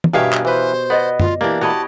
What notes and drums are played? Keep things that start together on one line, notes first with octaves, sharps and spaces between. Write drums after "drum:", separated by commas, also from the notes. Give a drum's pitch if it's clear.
drum: tom
G2 B2 G4 A#4 C#5 E5 F5 G#5
drum: clap
E3 B4 C5
B3 D5 D#5
F4, drum: tom F#2
E3 A#3 D4 G4
F#4 G4 C#5 D#5 A5 B5